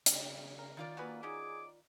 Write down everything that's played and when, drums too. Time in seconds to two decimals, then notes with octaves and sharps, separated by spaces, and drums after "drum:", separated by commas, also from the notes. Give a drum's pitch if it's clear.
0.06 C#3, drum: hi-hat
0.59 A#4
0.77 D#3 F4 D5
0.97 A#3 F#4 G#4 B4
1.23 C#4 D#4 F#4 G#4 D6